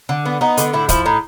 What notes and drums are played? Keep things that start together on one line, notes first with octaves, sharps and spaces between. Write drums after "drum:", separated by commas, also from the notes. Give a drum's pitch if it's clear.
D3
B3
B3 D#4
D3, drum: hi-hat
A2 E4
F3 E4, drum: kick, hi-hat
A2 D#4